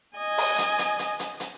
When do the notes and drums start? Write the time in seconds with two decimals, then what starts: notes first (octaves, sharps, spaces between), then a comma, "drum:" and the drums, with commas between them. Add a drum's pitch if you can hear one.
0.17 D#5 G#5
0.38 drum: open hi-hat
0.58 drum: hi-hat
0.79 drum: hi-hat
0.99 drum: hi-hat
1.20 drum: hi-hat
1.40 drum: hi-hat